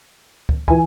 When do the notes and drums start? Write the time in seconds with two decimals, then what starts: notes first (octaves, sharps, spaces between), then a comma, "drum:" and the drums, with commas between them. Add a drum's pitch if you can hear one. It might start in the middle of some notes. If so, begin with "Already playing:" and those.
0.49 drum: kick
0.68 E3 G#5, drum: kick